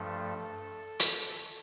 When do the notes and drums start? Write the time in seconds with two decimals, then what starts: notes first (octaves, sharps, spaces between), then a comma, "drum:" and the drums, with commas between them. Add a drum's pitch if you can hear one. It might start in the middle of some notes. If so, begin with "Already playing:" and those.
Already playing: G2 F3 A3 A4
1.00 drum: hi-hat